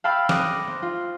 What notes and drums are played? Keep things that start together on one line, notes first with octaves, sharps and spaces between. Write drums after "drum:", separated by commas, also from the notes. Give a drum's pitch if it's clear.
F5 G5 A5 B5 E6 F6
D6 D#6 F#6 A#6 C#7 D#7, drum: snare
C4
F4